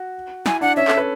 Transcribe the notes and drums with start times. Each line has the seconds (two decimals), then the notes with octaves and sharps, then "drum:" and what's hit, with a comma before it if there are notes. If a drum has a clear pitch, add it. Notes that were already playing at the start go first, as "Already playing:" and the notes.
Already playing: F#4
0.46 E4 G#5, drum: snare
0.61 D4 F#5
0.77 C#4 E5
0.88 A4, drum: clap
0.97 B4